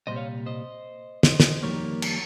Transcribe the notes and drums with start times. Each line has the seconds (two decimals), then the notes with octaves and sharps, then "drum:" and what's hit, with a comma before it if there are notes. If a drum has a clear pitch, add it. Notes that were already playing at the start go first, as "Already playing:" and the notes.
0.07 C2 A#2 G3 C5 D#5
0.16 C#5 F5
0.46 C5 D#5
1.23 C5 D#5, drum: snare
1.40 drum: snare
1.62 F2 D#3 G3 A#3 A#4 C#5
2.02 drum: cymbal